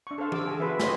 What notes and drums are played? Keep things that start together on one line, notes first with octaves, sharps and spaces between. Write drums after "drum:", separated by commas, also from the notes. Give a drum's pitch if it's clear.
D4 C#6
A4 C5 F5 A5
A5 D6 E6, drum: tom E3
G#4 G#5
F#4 B4 C5 E5
G4 C5 C#5 D#5, drum: snare